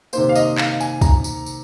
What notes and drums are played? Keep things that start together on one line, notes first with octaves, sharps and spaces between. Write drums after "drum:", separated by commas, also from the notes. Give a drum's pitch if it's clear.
C3 D#3 A#3 C5, drum: tambourine
F5
D#5, drum: tambourine
F5, drum: clap
G#5, drum: tambourine
A#5, drum: kick, tambourine
drum: tambourine
drum: tambourine